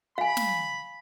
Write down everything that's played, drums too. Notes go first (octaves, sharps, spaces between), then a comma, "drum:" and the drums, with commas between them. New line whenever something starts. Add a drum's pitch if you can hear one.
F5 G#5 B5
drum: snare